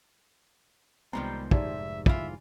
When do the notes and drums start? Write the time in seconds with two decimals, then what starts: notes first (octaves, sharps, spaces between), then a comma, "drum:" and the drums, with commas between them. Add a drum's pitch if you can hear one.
1.13 C2 D#3 F3 G3 G#3 B3 C4 A#5
1.51 F1 G#2 D#4 G4 D5 E5, drum: kick
2.06 E3 F4 E5, drum: kick